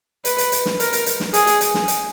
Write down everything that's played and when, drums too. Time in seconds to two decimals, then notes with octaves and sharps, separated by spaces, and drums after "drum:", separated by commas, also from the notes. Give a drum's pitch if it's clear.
0.25 B4, drum: hi-hat
0.38 drum: hi-hat
0.52 drum: hi-hat
0.66 drum: snare
0.80 A#4, drum: hi-hat
0.93 drum: hi-hat
1.06 drum: hi-hat
1.20 drum: snare
1.34 G#4, drum: hi-hat
1.47 drum: hi-hat
1.61 drum: hi-hat
1.74 drum: snare
1.88 drum: hi-hat